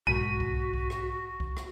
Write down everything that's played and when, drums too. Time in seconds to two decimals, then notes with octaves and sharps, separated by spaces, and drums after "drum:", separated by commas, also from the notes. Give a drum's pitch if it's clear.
0.07 B1 G#2 F#4 B6 D#7, drum: kick C2
0.40 drum: kick C2
0.73 drum: kick C2
0.90 drum: rim click
1.40 drum: kick C2
1.57 drum: rim click